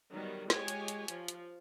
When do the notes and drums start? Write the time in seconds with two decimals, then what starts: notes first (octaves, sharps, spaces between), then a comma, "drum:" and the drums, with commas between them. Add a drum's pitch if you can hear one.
0.11 D#3 F#3 G3 B3
0.50 G#3 F4 G4 C#5 G#5, drum: snare
0.68 drum: hi-hat
0.88 drum: hi-hat
1.08 F3, drum: hi-hat
1.28 drum: hi-hat